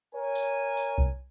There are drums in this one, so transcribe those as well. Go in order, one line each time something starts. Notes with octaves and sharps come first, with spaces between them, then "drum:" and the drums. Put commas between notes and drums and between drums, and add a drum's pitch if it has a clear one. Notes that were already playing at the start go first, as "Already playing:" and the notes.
A#4 C#5 G#5
drum: tambourine
drum: tambourine
drum: kick C2